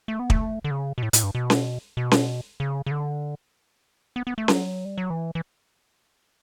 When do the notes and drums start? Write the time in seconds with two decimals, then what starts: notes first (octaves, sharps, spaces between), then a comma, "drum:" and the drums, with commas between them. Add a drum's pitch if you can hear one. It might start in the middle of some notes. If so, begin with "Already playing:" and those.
0.08 A3
0.19 B3
0.30 A3, drum: kick
0.64 D3
0.71 C#3
0.98 B2
1.03 A2
1.13 A2, drum: hi-hat
1.23 G2
1.35 B2
1.50 drum: snare C#4
1.97 B2
2.11 drum: snare C#4
2.60 C#3
2.86 C#3
2.91 D3
4.16 B3
4.27 B3
4.38 A3
4.48 F#3, drum: snare C#4
4.85 G3
4.98 F#3
5.10 E3
5.35 E3